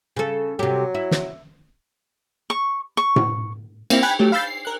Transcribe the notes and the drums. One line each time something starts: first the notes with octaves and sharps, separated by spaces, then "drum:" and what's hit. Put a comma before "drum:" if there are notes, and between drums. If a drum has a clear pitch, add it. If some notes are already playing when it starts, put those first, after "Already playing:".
C#3 A4
C3 F#3 G4
E4
drum: snare
C#6
C#6
drum: tom A2
A#3 C4 E4 A#6, drum: cymbal
G5 G#5 B5 F#6 G#6
F#3 A3 G4
F5 B5 E6 G6 A6 C7
C7
A#4 F#6